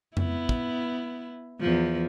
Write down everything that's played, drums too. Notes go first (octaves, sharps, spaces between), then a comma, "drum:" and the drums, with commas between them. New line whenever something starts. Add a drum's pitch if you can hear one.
B3 E4, drum: tom F2
drum: kick
E2 F3